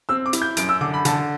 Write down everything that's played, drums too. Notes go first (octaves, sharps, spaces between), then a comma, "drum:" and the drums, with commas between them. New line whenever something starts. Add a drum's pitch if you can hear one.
C4 E6
D6
E4, drum: hi-hat
G6
F#2 D7, drum: hi-hat
E6
D3 D6
B5
D3 A5, drum: hi-hat